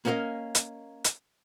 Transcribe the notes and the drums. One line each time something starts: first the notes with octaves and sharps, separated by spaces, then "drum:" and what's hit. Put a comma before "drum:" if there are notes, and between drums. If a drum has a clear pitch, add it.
A#3 B3 C#4 A#4 D#5 F5
drum: hi-hat
drum: hi-hat